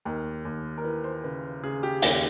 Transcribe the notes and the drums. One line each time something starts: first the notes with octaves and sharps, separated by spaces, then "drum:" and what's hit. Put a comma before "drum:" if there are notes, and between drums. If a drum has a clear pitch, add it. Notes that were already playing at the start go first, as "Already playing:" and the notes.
D#2 A#4
D#2
A#4
E3 B4
C5
C#3 B4
C#3 G#4
G4
D#2 G4, drum: hi-hat